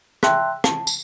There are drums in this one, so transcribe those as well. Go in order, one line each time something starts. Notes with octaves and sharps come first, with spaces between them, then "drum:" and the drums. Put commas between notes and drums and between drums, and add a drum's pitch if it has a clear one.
E5 G5 A5 C6 E6 F#6, drum: rim click
A5, drum: rim click
drum: tambourine